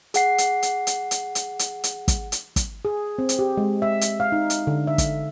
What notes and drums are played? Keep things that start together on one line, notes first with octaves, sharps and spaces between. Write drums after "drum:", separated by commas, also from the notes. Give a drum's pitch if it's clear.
G#4 F#5 C7, drum: hi-hat
drum: hi-hat
drum: hi-hat
drum: hi-hat
drum: hi-hat
drum: hi-hat
drum: hi-hat
drum: hi-hat
drum: kick, hi-hat
drum: hi-hat
drum: kick, hi-hat
G#4
C4
drum: hi-hat
G4
G#3
E5
drum: hi-hat
F5
D#4
drum: hi-hat
D3
E5
drum: kick, hi-hat